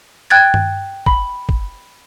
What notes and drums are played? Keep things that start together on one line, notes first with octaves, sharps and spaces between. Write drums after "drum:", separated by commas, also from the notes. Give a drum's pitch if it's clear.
G5 F#6 G#6 A6
drum: tom G2
B5, drum: kick
drum: kick